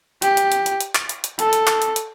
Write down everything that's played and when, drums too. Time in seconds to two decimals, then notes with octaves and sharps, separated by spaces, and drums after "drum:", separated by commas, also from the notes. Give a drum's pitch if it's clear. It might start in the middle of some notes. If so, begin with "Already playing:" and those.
0.22 G4, drum: hi-hat
0.37 drum: hi-hat
0.52 drum: hi-hat
0.66 drum: hi-hat
0.81 drum: hi-hat
0.95 drum: clap
1.09 drum: hi-hat
1.24 drum: hi-hat
1.39 A4, drum: hi-hat
1.53 drum: hi-hat
1.67 drum: clap
1.82 drum: hi-hat
1.96 drum: hi-hat